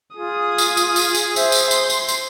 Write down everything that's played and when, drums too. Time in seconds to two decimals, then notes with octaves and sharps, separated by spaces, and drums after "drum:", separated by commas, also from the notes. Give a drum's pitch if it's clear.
0.16 F4 G#4 D#6
0.58 drum: tambourine
0.77 drum: tambourine
0.96 drum: tambourine
1.15 drum: tambourine
1.36 C5 E5, drum: tambourine
1.52 drum: tambourine
1.71 C6, drum: tambourine
1.90 drum: tambourine
2.08 drum: tambourine